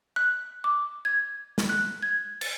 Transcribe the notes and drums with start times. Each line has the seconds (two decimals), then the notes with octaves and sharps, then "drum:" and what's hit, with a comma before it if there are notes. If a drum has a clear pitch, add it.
0.16 F#6
0.64 D6
1.05 G#6
1.58 drum: snare
1.69 F#6
2.03 G#6
2.41 A6, drum: cymbal